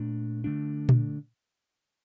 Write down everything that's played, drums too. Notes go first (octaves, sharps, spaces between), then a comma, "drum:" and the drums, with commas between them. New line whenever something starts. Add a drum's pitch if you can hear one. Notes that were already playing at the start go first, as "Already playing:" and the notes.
Already playing: A#2 A3 D4
D3 A3 D4
drum: tom A#2